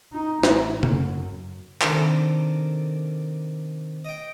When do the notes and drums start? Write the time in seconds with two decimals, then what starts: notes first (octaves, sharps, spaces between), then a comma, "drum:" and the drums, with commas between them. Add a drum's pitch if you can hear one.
0.13 D#4
0.43 A1, drum: snare
0.83 F#2, drum: tom C#3
1.82 C3 D#3 C4 D4 A4 A#4, drum: clap
4.05 D#5 G5